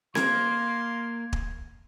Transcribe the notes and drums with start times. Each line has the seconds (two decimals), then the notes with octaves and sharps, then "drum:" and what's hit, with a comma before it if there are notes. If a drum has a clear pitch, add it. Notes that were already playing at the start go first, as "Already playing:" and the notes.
0.15 A#3 F5 C6 G#6, drum: snare C4
1.33 drum: kick